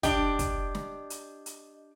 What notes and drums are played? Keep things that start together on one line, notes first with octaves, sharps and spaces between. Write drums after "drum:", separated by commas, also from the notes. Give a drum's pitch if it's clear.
D4 G4 D#5, drum: kick, hi-hat
drum: kick, hi-hat
drum: snare
drum: hi-hat
drum: hi-hat